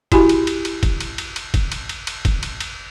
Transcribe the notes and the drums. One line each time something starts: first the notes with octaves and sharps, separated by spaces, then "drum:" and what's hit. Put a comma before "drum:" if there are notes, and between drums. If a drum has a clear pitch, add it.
E4 F#4 G4 G#5 B5, drum: kick, cymbal
drum: cymbal
drum: cymbal
drum: cymbal
drum: kick, cymbal
drum: cymbal
drum: cymbal
drum: cymbal
drum: kick, cymbal
drum: cymbal
drum: cymbal
drum: cymbal
drum: kick, cymbal
drum: cymbal
drum: cymbal